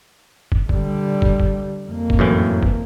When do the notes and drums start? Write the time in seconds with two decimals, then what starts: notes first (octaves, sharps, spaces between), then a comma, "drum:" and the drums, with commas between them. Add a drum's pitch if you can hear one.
0.52 drum: kick
0.69 D3 G3, drum: kick
1.22 drum: kick
1.40 drum: kick
1.87 F2 A#3
2.10 drum: kick
2.19 F#2 A2 E3
2.63 drum: kick